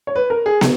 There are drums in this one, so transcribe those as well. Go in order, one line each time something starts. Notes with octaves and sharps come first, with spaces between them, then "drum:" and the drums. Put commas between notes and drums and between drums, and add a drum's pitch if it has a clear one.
C#5
B4
A#4
G#4
drum: snare